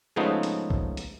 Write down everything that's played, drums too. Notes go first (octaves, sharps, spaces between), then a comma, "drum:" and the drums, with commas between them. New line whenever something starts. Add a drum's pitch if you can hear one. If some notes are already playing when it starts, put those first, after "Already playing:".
G#2 C#3 F3 A3 B3 D#4
drum: hi-hat
drum: kick
drum: hi-hat